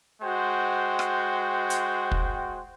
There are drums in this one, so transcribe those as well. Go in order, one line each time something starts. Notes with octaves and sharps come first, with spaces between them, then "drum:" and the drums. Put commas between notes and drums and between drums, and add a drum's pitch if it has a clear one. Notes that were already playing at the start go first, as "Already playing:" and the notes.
G#3 F#4 C5 G5
drum: rim click
drum: hi-hat
drum: kick